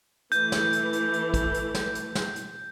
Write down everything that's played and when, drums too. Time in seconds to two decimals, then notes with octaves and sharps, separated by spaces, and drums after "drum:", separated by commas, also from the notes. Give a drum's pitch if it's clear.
0.32 E3 A3 G6, drum: hi-hat
0.52 drum: snare
0.72 drum: hi-hat
0.93 drum: hi-hat
1.13 drum: hi-hat
1.34 drum: kick, hi-hat
1.54 drum: hi-hat
1.75 drum: snare
1.95 drum: hi-hat
2.15 drum: snare
2.36 drum: hi-hat